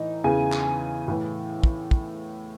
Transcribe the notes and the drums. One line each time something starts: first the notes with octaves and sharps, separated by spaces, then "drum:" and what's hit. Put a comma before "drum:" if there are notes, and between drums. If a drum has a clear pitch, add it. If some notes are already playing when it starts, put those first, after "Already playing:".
Already playing: A2 E3 D#4 D#5
E2 C#3 E3 G#4 G#5
drum: clap
A2 E3
drum: kick
drum: kick